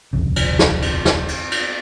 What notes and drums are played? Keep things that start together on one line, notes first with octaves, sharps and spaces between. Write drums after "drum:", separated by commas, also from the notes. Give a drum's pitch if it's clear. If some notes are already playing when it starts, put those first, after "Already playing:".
D#1 C2 F2 C#3
drum: cymbal
drum: snare
drum: cymbal
drum: snare
drum: cymbal
drum: cymbal